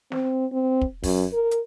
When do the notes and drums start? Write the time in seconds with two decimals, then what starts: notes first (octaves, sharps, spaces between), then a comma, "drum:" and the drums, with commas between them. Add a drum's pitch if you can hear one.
0.12 C4, drum: snare
0.52 C4
0.81 drum: kick
1.03 F#2, drum: kick, open hi-hat
1.33 A#4
1.51 drum: hi-hat